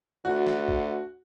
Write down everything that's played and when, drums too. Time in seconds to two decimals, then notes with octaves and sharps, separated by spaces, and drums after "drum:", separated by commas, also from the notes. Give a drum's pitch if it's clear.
0.25 D2 F#4
0.47 drum: snare
0.68 drum: kick G#1